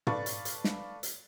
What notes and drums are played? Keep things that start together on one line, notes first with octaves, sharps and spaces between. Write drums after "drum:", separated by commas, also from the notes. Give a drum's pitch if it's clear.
A4 B4 D5 F5 C#6 A6, drum: tom
drum: hi-hat
drum: hi-hat
drum: snare
drum: hi-hat